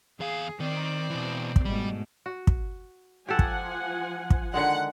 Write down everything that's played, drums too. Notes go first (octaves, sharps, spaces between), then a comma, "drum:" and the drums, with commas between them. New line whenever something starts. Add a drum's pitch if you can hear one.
E2 G#4 F5
D#3 C4 D5
B2 E3
drum: kick
G#2 B2 G3 A3
F#4
drum: kick
F3 G4 A4 F#5 G#5
drum: kick
drum: kick
D3 D#3 G#3 F#5